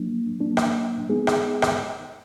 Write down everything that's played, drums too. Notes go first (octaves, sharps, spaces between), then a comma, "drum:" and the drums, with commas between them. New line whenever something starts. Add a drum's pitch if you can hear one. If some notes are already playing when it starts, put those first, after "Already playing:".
Already playing: F#3 A#3 D4
F#3 A#3 D4
drum: rim click
G#3 B3 D#4 G#4
drum: rim click
drum: rim click